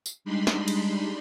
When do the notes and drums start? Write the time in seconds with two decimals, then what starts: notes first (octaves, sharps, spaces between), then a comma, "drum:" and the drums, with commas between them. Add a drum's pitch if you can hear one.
0.06 drum: tambourine
0.25 G3 G#3 D4 D#4 B5 C6
0.47 drum: snare
0.68 drum: cymbal